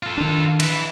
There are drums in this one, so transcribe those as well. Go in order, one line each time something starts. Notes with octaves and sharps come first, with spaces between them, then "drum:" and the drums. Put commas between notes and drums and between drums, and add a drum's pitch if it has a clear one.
F4 A4
D#3 D4
E4 B4, drum: cymbal